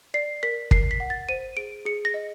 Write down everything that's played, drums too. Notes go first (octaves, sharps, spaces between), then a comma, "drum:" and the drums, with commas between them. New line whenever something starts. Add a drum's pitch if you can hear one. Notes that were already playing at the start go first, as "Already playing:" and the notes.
D5 C7
A#4 B6
A#4 C7, drum: kick
B6
F#5
A6
C5 D#7
G#4 D7
G#4 C#7
A#6
D#5